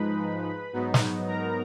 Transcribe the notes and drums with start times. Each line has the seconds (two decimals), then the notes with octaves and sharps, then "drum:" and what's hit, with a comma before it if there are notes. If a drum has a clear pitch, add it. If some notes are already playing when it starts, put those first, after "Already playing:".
Already playing: G#2 F3 G#3 D#4 B4 B5
0.73 G#2 F#3 B3 D#4
0.94 drum: snare
1.28 A#4 A#5